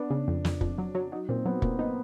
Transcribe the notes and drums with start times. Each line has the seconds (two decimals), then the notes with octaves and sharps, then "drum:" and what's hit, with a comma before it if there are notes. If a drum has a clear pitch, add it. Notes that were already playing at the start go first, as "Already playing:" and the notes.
Already playing: B3 D4
0.10 C#3
0.28 F2
0.45 F2, drum: snare
0.61 F2, drum: kick
0.78 F#3
0.95 F#3
1.12 F#3 D#4
1.29 A#2 C4
1.46 F#3 B3
1.62 A#2 A#3, drum: kick
1.79 B3 D#4